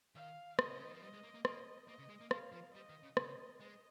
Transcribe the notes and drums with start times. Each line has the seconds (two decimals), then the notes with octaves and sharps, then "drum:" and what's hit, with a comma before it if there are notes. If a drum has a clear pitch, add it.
0.15 D#3 F5
0.59 F3 D#5, drum: rim click
0.67 C3
0.76 C#3
0.85 D#3
0.93 F3
1.02 G3 D#5
1.13 G#3
1.23 A#3
1.34 A#3
1.45 A#3 D#5, drum: rim click
1.88 A#3 D#5
1.99 C#3
2.09 G#3
2.21 A#3
2.31 G#3 F5, drum: rim click
2.52 F3
2.74 G3 D#5
2.89 D#3
3.03 C#3
3.17 C#3 D#5, drum: rim click
3.60 G#3 D#5